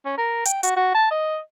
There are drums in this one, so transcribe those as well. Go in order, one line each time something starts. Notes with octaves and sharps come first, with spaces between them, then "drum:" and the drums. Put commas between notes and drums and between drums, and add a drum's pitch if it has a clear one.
C#4
A#4
G5, drum: hi-hat
F#4, drum: hi-hat
F#4
A5
D#5